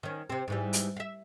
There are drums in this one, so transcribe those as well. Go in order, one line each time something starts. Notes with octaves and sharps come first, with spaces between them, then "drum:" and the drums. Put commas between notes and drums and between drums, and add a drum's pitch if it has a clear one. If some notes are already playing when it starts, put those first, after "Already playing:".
D#3 C#4
C3 C4
G#2 E3 G3
drum: hi-hat
E5 F5